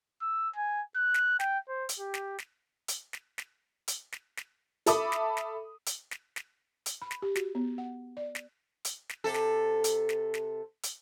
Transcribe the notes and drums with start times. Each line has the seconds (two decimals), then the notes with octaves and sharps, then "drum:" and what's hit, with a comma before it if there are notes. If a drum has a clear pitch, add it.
0.22 E6
0.56 G#5
0.96 F#6
1.14 drum: snare
1.40 G5, drum: snare
1.69 C5
1.89 drum: hi-hat
1.99 G4
2.14 drum: snare
2.38 drum: snare
2.88 drum: hi-hat
3.13 drum: snare
3.38 drum: snare
3.88 drum: hi-hat
4.12 drum: snare
4.37 drum: snare
4.86 A4 E5 A5 B5 D6 D#6, drum: hi-hat
5.12 drum: snare
5.37 drum: snare
5.86 drum: hi-hat
6.11 drum: snare
6.36 drum: snare
6.86 drum: hi-hat
7.02 B5
7.11 drum: snare
7.22 G4
7.35 F#4, drum: snare
7.55 B3
7.78 F#5
8.17 D5
8.35 drum: snare
8.85 drum: hi-hat
9.09 drum: snare
9.24 C3 A4
9.34 drum: snare
9.84 drum: hi-hat
10.09 drum: snare
10.34 drum: snare
10.83 drum: hi-hat